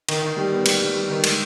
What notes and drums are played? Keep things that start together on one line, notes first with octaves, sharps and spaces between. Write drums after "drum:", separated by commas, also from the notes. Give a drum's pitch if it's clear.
D#3, drum: cymbal
D#3
G3
B3
G3, drum: cymbal
G3
G3
D#3
G#3, drum: cymbal